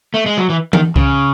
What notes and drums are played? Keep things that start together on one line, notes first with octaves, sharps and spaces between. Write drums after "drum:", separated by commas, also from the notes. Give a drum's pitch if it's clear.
A3
G#3
F#3
E3
D#3, drum: tom E3
C#3, drum: kick C2